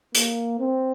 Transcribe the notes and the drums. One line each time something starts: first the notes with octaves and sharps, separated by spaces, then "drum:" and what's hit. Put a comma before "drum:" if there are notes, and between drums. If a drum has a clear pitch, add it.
A#3, drum: hi-hat
C4